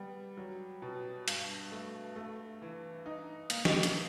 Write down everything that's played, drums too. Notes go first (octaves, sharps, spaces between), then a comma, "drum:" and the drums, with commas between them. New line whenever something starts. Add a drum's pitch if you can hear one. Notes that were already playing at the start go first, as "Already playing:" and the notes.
Already playing: G3 B3
F#3
B2
G2, drum: hi-hat
A3
A3
E3
D#4
A#3, drum: hi-hat
drum: snare
drum: hi-hat